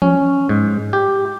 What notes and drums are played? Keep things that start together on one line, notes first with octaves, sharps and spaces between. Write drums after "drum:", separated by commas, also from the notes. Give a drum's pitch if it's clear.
C#4, drum: tom E3
G#2
G4